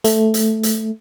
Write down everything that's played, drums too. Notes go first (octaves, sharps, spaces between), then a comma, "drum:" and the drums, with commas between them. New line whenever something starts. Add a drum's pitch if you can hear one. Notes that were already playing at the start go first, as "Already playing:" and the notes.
A3, drum: hi-hat
drum: hi-hat
drum: hi-hat